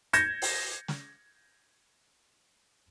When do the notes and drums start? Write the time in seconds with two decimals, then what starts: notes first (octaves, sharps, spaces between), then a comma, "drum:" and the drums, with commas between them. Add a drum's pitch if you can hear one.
0.13 G6 G#6 A#6 C#7 E7, drum: hi-hat
0.42 drum: open hi-hat
0.88 drum: snare